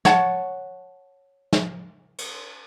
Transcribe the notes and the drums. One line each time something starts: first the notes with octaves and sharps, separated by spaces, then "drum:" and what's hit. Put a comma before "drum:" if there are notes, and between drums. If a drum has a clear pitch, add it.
C#5 F#5 A5, drum: snare
drum: snare
drum: cymbal